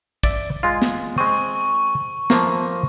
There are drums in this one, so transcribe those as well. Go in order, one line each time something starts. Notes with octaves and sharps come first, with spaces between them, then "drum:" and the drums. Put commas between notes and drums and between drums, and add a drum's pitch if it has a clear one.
D5 E5, drum: kick
G#3 F4
drum: snare
G#3 C4 C#6, drum: open hi-hat
F3 A3 A#3, drum: snare